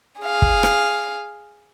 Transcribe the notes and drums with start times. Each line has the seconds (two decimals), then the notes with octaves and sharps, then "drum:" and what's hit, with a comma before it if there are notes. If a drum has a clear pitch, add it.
0.21 G#4 F5
0.42 drum: kick
0.63 drum: rim click